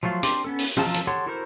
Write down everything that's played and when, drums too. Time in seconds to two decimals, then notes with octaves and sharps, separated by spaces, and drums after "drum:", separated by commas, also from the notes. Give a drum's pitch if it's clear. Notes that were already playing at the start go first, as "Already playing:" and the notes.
0.03 F3 F#3 A3 F4
0.23 C4 D4 G4 C6 D6, drum: hi-hat
0.44 B3 C#4 A4
0.59 drum: open hi-hat
0.77 F3 F4 A5 A#5 E6, drum: tom
0.94 drum: hi-hat
1.07 G4 A4 C#5 F#5 C6
1.26 E4 F#4 A4 A#4 C5